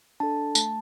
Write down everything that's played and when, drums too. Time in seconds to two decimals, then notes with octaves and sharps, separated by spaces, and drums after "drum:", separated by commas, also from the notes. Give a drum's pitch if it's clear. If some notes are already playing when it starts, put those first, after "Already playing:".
0.20 D4 A4 A5
0.55 A3 A5, drum: tambourine